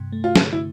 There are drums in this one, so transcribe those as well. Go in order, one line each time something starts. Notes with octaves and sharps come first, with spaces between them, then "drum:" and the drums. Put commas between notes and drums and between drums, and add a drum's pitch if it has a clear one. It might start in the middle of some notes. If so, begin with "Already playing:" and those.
Already playing: G2 C3
A3
F4
D3, drum: snare
E4